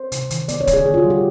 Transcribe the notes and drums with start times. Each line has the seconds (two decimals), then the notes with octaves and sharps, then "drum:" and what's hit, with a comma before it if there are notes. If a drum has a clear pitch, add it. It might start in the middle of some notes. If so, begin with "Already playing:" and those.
Already playing: C5
0.12 C3, drum: hi-hat
0.30 D#3, drum: hi-hat
0.48 B3 D5, drum: hi-hat
0.61 C#5
0.67 D3, drum: kick D1, hi-hat
0.73 G#4
0.86 D3 G#4
0.94 F4
0.98 F#4
1.04 G3
1.10 G4